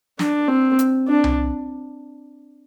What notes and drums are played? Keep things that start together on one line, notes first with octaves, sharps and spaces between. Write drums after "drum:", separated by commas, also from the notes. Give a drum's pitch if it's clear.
D4, drum: snare
C4
drum: hi-hat
D4
drum: tom C2